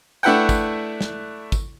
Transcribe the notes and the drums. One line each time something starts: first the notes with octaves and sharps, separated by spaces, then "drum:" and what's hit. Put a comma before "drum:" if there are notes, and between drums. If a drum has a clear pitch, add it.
A3 D4 E4 B4 F#5 G5
drum: kick, tambourine
drum: snare
drum: kick, tambourine